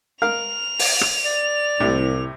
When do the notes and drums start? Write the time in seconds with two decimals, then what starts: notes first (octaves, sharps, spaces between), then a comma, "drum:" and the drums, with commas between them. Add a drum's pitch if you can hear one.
0.22 A#4 F5 F6 F7
0.79 drum: open hi-hat
1.01 drum: rim click
1.25 D5
1.80 C2 A2 C3